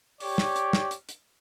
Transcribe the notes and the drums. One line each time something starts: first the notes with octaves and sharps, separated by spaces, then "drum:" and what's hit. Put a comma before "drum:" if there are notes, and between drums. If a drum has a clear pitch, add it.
G4 C#5 D5, drum: open hi-hat
drum: snare
drum: hi-hat
drum: snare
drum: hi-hat
drum: hi-hat